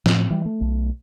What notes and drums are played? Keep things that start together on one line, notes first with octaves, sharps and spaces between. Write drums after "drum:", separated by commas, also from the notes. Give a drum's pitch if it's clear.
A2 C4, drum: snare
E3 G3
A3
B1 A3